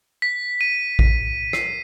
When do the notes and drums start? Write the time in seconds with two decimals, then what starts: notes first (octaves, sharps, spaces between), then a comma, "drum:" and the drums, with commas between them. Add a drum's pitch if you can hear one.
0.22 B6
0.61 D#7
0.99 drum: kick A1
1.53 C7, drum: rim click